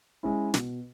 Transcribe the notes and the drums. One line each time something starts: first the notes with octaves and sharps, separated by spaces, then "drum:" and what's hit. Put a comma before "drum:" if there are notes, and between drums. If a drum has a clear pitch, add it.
G#3 C#4 E4
B2, drum: snare